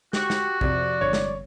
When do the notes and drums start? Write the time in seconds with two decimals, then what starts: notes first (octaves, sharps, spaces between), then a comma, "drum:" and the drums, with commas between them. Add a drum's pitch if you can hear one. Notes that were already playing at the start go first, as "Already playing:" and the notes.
0.13 F#4 G4 C#6 F#6, drum: snare
0.30 drum: snare
0.61 F2 C3 D5, drum: kick
1.01 G1 C#5
1.13 drum: snare